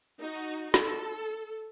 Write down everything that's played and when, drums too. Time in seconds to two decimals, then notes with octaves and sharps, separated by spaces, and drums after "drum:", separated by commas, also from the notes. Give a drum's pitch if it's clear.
0.20 D#4 F#4
0.74 A4, drum: snare